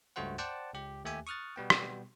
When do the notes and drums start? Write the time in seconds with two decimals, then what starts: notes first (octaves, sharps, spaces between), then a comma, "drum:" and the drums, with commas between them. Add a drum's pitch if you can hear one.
0.16 C#2 G2 A3 F#4 C5 F#5
0.38 C5 D5 F#5 G5 A5
0.74 C#2 G4
1.04 D#2 A3 G4 E5 G#5
1.27 C#6 D#6 F6 F#6 A6
1.56 B2 G3 B3 G5
1.70 drum: rim click